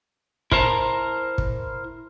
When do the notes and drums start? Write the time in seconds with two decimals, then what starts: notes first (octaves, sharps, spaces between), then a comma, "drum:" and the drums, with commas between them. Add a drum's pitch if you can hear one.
0.52 E4 A#4 C5 A5 A#5, drum: kick
1.38 drum: kick